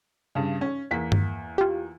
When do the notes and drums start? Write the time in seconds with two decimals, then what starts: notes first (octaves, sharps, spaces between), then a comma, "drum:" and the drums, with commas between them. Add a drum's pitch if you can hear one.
0.35 G2 C#3
0.61 C#4
0.91 E2 A#3 B6
1.12 drum: tom G2
1.58 F4 G4